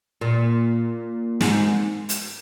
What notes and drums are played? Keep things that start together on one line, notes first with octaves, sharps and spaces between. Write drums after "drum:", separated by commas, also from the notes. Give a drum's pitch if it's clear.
A#2
G#2, drum: snare
drum: hi-hat